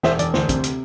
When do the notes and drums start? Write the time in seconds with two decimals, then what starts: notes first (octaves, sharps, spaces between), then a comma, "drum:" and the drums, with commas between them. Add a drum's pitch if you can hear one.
0.03 E1 C5 E5, drum: snare
0.19 E1 D5, drum: hi-hat
0.34 D2 C5, drum: snare
0.49 C3, drum: kick, hi-hat
0.64 drum: hi-hat